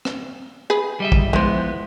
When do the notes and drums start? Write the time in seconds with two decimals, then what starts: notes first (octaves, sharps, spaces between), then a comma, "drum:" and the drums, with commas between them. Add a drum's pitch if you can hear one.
0.05 drum: rim click
0.70 G#4 B4
1.00 G3 D#5 E5
1.12 drum: kick
1.33 E3 F3 G#3 B3 C5